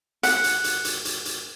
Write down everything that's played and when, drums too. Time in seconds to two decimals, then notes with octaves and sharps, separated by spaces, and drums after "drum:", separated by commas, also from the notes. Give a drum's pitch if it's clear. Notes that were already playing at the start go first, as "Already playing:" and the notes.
0.23 F#5, drum: hi-hat
0.44 drum: hi-hat
0.64 drum: hi-hat
0.85 drum: hi-hat
1.05 drum: hi-hat
1.25 drum: hi-hat